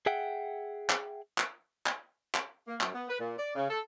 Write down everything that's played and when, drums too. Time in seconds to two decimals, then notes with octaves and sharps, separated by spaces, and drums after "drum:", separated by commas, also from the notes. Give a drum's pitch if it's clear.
0.06 G#4 E5 F#5 G5
0.90 drum: clap
1.38 drum: clap
1.86 drum: clap
2.35 drum: clap
2.67 A#3
2.81 F#2, drum: clap
2.93 B3
3.09 B4
3.20 A#2
3.38 D5
3.55 C#3
3.69 A4